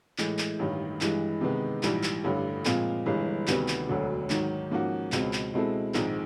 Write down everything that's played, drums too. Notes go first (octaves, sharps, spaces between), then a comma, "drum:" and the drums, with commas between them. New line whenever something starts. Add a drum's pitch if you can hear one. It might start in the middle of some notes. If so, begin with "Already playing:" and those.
A2 E3 G#3, drum: clap
drum: clap
A1 G2 D#3
G2 E3 G#3, drum: clap
C3 D#3 G#3 B3
A#1 G#2 E3 G3, drum: clap
drum: clap
A1 G2 D3
A#2 F3 G#3 C4 F4, drum: clap
G1 G2 E3 G#3
D2 C3 D#3 G3 B3, drum: clap
drum: clap
E1 D2 D3 F#3
G#2 D#3 F#3, drum: clap
G#2 F3 A#3 C#4 F#4
C#2 B2 G#3 C4, drum: clap
drum: clap
B2 G#3 C4 E4 A4
A#1 G#2 D#3 G#3 C4, drum: clap